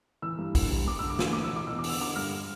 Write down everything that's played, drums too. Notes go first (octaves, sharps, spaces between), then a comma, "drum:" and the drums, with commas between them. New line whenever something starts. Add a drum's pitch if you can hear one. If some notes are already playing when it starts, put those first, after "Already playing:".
E3 E6
G2
D3, drum: kick, open hi-hat
G2
G2 D6
D3 E6
D6
E3 E6, drum: snare
E3 D6
E6
B2 D6
E2 E6
D6
D3, drum: open hi-hat
E6
D3 D6
G2 F6